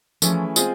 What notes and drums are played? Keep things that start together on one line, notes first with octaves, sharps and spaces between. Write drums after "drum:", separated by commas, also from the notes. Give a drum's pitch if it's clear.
E3 F3 A3 C#4 E4 G#4, drum: tambourine
G#3 C4 F4 G#4, drum: tambourine